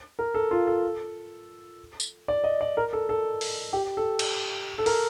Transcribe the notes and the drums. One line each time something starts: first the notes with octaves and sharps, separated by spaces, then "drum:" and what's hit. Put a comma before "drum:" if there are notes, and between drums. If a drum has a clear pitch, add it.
A#4
A4
F4
A4
drum: tambourine
D5
D#5
D5
A#4
A4
A4
drum: open hi-hat
G4
A4
drum: cymbal
A4
A#4, drum: open hi-hat